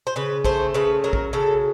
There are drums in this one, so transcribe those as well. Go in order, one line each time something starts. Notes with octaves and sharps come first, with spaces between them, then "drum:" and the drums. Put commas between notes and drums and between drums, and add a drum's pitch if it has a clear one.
C5
C#3 B4
A3 C5, drum: kick
C#3 B4
F#3 A#4
drum: kick
C#3 A4